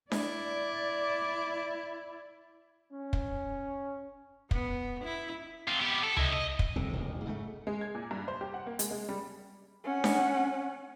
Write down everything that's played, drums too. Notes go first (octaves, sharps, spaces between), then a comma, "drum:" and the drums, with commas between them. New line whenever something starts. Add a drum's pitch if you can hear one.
E4 D5, drum: snare D4
C#4
drum: kick
B3, drum: kick
E4
C3 F4
B3 G4
A4
E4 D#5, drum: tom C#2
D#5
drum: kick
D1 C2 C3 C4
E1 A1 D#2
G#2 C#3 E3 A3
G#3
G#6
A#2
G2
C5
G4
F#5
A#3
G#3, drum: hi-hat
G#3
G3
C#4 F#5
drum: snare D4